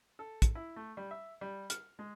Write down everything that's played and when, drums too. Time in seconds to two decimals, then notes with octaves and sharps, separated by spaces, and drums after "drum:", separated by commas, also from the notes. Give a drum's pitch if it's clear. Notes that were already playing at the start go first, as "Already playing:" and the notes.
0.19 A4
0.42 drum: kick, hi-hat
0.55 E4
0.76 A3
0.97 G3
1.11 E5
1.41 G3
1.70 F6, drum: hi-hat
1.99 G#3